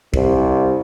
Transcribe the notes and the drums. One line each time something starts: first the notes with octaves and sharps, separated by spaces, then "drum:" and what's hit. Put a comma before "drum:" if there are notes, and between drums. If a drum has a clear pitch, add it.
C2, drum: kick